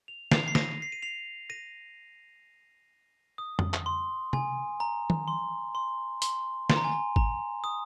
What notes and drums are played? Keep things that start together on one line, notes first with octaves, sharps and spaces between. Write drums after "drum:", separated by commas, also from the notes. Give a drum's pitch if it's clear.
F7
C7 F7, drum: snare
C7
A#6 D#7, drum: snare
C7
D#7
C7 F7
A#6 D#7
D#6
drum: tom F2
drum: clap
C6
G#5, drum: tom C3
A#5
drum: tom D#3
C6
C6
C6, drum: hi-hat
C6, drum: snare
A#5
G#5
A#5
A#5, drum: kick G#1
D#6